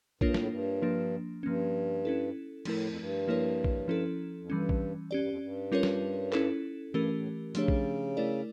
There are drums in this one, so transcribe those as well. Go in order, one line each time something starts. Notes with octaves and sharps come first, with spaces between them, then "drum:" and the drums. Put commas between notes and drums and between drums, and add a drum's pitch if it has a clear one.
G2 A#3 D4 F4 A#4 C#5, drum: kick
A2, drum: snare
G2
F3 A#3 D4
G2 F3 A#3 C#4
C#4 E4 A4
A2 F3 A3 E4 A#4, drum: cymbal
F2
G2
F3 A#3 E4 A#4 C#5
drum: kick
F3 C#4 E4 A4
F2
G2 E3 G3 C#4
drum: kick
F2 C#4 G4 D5
G2
F2
G2
G3 C#4 F4 A#4 C#5
drum: snare
C#4 E4 A4, drum: clap
F2
G2 E3 A3 C#4 G4 A#4
A2
A#2
C#3 F3 A3 D4 G4 C#5, drum: hi-hat
drum: kick
A3 E4 A#4 D5